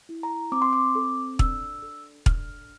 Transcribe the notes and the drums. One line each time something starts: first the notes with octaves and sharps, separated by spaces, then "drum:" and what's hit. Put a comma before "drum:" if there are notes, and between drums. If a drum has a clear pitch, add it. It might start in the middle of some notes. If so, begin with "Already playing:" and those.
E4
A#5
C4 D6
C6
D6
A4
D4 E6, drum: kick
A4
D4 F6, drum: kick